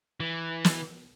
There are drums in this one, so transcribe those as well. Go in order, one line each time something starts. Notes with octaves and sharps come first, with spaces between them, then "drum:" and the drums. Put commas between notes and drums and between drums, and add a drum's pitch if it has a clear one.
E3
drum: snare